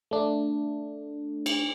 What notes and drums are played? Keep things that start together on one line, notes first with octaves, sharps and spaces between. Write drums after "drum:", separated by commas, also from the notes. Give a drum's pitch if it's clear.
A3 D4
drum: cymbal